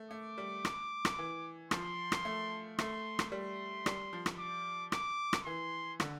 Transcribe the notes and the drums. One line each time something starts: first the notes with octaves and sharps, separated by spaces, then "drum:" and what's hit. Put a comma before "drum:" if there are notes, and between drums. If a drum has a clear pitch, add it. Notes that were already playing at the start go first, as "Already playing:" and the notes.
Already playing: A3
A3 D6
G3
drum: rim click
drum: rim click
E3
F3 C6, drum: rim click
drum: rim click
A3
A3 C6, drum: rim click
drum: rim click
G3 C6
G3, drum: rim click
F3
drum: rim click
D6
D6, drum: rim click
drum: rim click
E3 C6
D3, drum: rim click